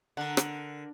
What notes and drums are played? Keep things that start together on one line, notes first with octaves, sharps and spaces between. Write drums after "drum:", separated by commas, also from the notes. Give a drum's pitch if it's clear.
D3 A#4 F#5
drum: rim click